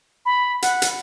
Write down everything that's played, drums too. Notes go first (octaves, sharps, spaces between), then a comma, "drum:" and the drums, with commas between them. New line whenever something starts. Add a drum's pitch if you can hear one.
B5
F#5, drum: hi-hat
drum: hi-hat